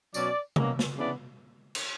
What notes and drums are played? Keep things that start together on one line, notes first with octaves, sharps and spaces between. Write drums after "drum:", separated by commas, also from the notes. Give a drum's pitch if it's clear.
B2 F#3 C#4 D5, drum: tambourine
B2 F#3 A#3 C#4, drum: tom C3
drum: snare
C#3 E3 B3 D4 D5
drum: cymbal